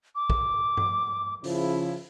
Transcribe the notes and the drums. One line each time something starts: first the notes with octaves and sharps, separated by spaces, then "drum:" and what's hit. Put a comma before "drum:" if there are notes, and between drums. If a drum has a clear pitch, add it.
D6
drum: kick
drum: tom G2
C#3 F3 E4, drum: open hi-hat